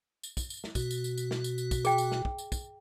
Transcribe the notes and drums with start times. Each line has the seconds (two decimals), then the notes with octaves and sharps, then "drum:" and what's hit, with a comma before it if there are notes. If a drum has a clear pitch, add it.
0.23 drum: tambourine
0.37 drum: kick, tambourine
0.50 drum: tambourine
0.64 drum: snare
0.75 B2 F#4, drum: kick, tambourine
0.91 drum: tambourine
1.04 drum: tambourine
1.18 drum: tambourine
1.31 drum: snare
1.44 drum: tambourine
1.58 drum: tambourine
1.71 drum: kick, tambourine
1.85 G#4 G5, drum: tambourine
1.98 drum: tambourine
2.12 drum: snare
2.25 drum: kick
2.38 drum: tambourine
2.52 drum: kick, tambourine